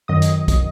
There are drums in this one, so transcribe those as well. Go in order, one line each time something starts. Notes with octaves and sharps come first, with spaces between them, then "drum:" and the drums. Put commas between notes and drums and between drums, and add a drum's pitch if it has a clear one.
F#2 D#3 F#3 D#5 D#6
drum: hi-hat
drum: kick, hi-hat